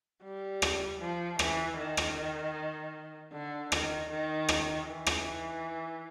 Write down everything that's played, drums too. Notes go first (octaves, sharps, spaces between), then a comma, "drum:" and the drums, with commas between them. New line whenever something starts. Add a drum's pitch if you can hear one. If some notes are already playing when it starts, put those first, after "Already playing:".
G3
drum: rim click
F3
E3, drum: rim click
D#3
drum: rim click
D3
D#3, drum: rim click
D#3
drum: rim click
E3
drum: rim click